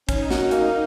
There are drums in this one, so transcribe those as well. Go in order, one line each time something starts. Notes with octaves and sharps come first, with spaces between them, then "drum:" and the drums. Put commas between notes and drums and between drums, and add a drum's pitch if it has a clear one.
C#4 D#4, drum: kick, hi-hat
F#4, drum: snare
D#4
A#3, drum: hi-hat